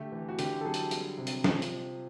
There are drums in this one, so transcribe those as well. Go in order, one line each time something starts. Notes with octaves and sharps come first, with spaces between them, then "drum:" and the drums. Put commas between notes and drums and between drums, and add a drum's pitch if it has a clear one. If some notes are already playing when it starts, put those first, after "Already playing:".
Already playing: D3 A3 G4
E3
F#4
D3 G4, drum: hi-hat
A4
F#3 G#4
drum: hi-hat
G3, drum: hi-hat
C3
drum: hi-hat
F3, drum: snare
drum: hi-hat